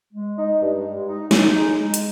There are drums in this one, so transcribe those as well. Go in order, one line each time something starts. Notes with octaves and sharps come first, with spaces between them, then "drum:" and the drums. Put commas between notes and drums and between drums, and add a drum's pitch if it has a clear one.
G#3
D#4
G2
G#3
D#4
D#4, drum: snare
G#3
G#3
drum: hi-hat